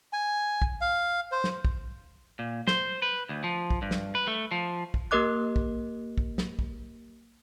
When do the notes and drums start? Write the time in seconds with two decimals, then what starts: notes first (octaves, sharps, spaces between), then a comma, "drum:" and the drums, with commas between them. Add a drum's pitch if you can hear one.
0.13 G#5
0.62 drum: kick
0.81 F5
1.32 C5
1.44 drum: snare
1.65 drum: kick
2.39 A#2
2.68 C5, drum: snare
3.02 B4
3.29 D2
3.44 F3
3.70 drum: kick
3.82 G2
3.91 drum: snare
4.15 B4
4.27 A3
4.51 F3
4.94 drum: kick
5.11 A#3 G4 A#4 D#5 D6 F#6
5.56 drum: kick
6.18 drum: kick
6.38 drum: snare
6.59 drum: kick